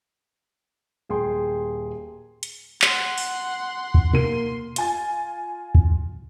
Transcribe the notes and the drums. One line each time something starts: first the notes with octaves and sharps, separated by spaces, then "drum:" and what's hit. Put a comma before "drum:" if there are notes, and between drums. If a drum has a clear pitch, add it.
D#1 G#4 G5 C6
drum: hi-hat
F#5 C6, drum: clap
drum: open hi-hat
drum: kick
A#3 C6 D#7, drum: tom B2
F4 G#5 A6, drum: hi-hat
drum: kick